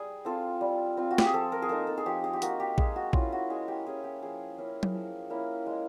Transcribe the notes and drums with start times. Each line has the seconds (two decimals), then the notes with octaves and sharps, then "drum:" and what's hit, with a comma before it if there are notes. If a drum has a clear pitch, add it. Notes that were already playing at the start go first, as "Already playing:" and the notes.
Already playing: G3 G#4
0.25 C4 F4 A4
0.61 G3
0.97 C4 F4
1.11 F#4
1.18 G4, drum: snare
1.26 G#4
1.34 F3 A4
1.52 A#4
1.62 G#4
1.69 A#3 D#4 A4
1.87 A4
1.97 G#4
2.06 F3 G4
2.24 G#4
2.33 G4
2.42 A#3 D#4 F#4, drum: hi-hat
2.60 G4
2.78 G#3 G#4, drum: kick A#1
2.96 F#4
3.13 C#4 E4 F4, drum: kick A#1
3.32 F#4
3.50 G#3 G#4
3.68 G4
3.86 C#4 E4 G#4
4.04 G4
4.22 F3 G#4
4.58 A#3 C#4 E4
4.83 drum: tom F#3
4.94 F3
5.30 A#3 C#4 E4
5.66 G#3